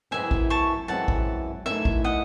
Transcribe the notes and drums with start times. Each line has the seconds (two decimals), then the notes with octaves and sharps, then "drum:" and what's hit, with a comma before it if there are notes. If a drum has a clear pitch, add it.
0.11 F#2 E3 G#3 C4 E5 G#5
0.31 drum: kick A1
0.50 A5 C#6
0.88 F#2 E3 G#3 C4 F#5 A5
1.08 drum: kick A1
1.66 F#2 E3 A3 D#4 E5 G#5
1.85 drum: kick A1
2.04 D#5 F#5